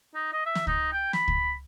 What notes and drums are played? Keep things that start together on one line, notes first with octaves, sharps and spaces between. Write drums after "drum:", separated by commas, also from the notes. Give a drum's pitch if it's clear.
D#4
D#5
E5
drum: snare
D#4, drum: kick C#2
G5
B5, drum: snare
drum: kick C#2